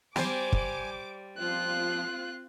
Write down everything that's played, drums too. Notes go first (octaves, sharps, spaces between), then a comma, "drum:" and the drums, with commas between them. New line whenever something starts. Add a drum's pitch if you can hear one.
G3 C5 G#5 D6, drum: snare
drum: kick
F3 C4 F4 C6 F#6